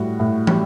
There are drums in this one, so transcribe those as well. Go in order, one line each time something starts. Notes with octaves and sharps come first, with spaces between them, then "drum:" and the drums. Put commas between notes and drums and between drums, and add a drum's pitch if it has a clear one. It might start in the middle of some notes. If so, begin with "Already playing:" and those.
Already playing: A2 G3 F#4
A2
G3, drum: tom